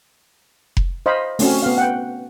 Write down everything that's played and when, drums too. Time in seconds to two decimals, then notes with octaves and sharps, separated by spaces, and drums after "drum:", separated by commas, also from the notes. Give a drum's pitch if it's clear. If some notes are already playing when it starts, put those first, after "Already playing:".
0.77 drum: kick F1
1.06 C5 D#5 F5 B5
1.39 A3 C4 C#4 F#4, drum: open hi-hat
1.62 B3 F5
1.78 F#5 G5